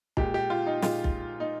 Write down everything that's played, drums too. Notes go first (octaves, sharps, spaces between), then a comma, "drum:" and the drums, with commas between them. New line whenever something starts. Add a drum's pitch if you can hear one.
A#2 G#3 G4, drum: kick B1
G4
F4
D#4
A#2 G#3 F4, drum: snare
drum: kick B1
D#4